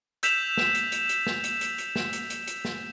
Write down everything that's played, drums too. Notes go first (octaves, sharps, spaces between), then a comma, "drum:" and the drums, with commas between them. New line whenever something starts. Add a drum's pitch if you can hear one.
E6 G6 B6 E7 F7, drum: hi-hat
drum: snare
drum: hi-hat
drum: hi-hat
drum: hi-hat
drum: snare
drum: hi-hat
drum: hi-hat
drum: hi-hat
drum: snare
drum: hi-hat
drum: hi-hat
drum: hi-hat
drum: snare